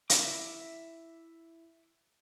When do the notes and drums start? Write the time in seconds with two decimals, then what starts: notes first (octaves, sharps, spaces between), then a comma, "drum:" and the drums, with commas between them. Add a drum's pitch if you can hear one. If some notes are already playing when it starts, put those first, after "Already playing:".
0.10 E4 E5 D6, drum: hi-hat